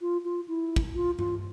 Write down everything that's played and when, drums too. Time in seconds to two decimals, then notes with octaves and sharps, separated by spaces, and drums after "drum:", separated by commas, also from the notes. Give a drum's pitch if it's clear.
0.01 F4
0.25 F4
0.48 E4
0.76 drum: kick
0.95 F4
1.19 F4, drum: tom G2